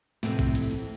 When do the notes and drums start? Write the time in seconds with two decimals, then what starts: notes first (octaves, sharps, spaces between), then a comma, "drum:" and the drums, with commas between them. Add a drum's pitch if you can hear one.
0.23 F2 A2 C3 C4, drum: snare
0.39 drum: kick, cymbal
0.55 drum: cymbal
0.71 drum: cymbal